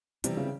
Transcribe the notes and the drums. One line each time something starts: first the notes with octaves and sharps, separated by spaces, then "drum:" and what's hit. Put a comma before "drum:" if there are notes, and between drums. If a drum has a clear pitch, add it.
C3 E3 G3 C4, drum: hi-hat
C#3